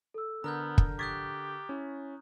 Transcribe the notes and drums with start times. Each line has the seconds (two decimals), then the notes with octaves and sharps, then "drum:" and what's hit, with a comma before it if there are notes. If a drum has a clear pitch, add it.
0.14 A4 E6
0.44 D3 B3 A#4 A#5 F6 G6
0.78 drum: kick
0.99 G4 C#6 D#6 F#6 G#6 A6 B6
1.69 C#4 E4